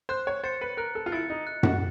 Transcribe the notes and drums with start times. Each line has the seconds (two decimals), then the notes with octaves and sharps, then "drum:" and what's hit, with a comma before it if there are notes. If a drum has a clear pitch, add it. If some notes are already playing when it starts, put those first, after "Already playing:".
0.09 C5 F#6
0.27 C#5
0.44 C5 A6 C#7
0.61 B4
0.77 A#4 F#6
0.95 A4
1.06 F4
1.12 E4 A6 C#7
1.30 D#4
1.47 F#6
1.63 F#4, drum: tom F#2